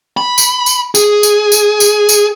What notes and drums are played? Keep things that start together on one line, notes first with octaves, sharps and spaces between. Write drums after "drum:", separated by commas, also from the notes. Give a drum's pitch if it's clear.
B5
drum: tambourine
drum: tambourine
G#4, drum: tambourine
drum: tambourine
drum: tambourine
drum: tambourine
drum: tambourine